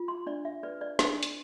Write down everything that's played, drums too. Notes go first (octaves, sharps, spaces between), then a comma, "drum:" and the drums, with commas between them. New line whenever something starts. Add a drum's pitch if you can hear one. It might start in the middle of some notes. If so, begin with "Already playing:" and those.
Already playing: F4
C6
D4 D5
E5
B4 D5
D5
D4, drum: snare
drum: hi-hat